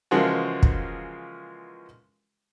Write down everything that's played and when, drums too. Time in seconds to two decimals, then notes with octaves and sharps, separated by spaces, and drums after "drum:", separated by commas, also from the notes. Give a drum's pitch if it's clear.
0.11 C#3 E3 F3 G#3 A#3 F#4
0.63 drum: kick